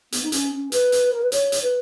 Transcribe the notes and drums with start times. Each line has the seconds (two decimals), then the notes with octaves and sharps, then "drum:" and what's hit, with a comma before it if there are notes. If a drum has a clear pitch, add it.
0.12 B3, drum: hi-hat
0.23 D#4
0.32 C#4, drum: hi-hat
0.53 C#4
0.72 B4, drum: hi-hat
0.92 drum: hi-hat
1.12 A#4
1.22 B4
1.32 C#5, drum: hi-hat
1.52 drum: hi-hat
1.62 B4